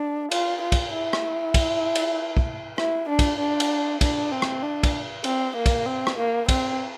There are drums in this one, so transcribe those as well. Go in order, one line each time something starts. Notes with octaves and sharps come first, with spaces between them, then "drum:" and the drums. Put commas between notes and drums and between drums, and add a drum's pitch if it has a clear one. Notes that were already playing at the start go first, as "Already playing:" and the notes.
Already playing: D4
F4, drum: cymbal
F4
drum: kick, cymbal
E4
drum: rim click
drum: kick, cymbal
drum: cymbal
drum: kick
E4, drum: rim click
D4
drum: kick, cymbal
D4
drum: cymbal
D4, drum: kick, cymbal
C4
drum: rim click
D4
drum: kick, cymbal
C4, drum: cymbal
A#3
drum: kick, cymbal
C4
drum: rim click
A#3
C4, drum: kick, cymbal